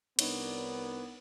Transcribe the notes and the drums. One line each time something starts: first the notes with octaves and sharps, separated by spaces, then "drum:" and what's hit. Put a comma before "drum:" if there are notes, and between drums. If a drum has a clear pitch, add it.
C2 B3 D4 D#4 A#4 C#5 D5, drum: cymbal